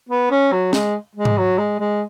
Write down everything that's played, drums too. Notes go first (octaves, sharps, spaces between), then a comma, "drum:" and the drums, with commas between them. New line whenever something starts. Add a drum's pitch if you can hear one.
B3
C#4
F#3
G#3, drum: snare
G#3
drum: tom G#2
F#3
G#3
G#3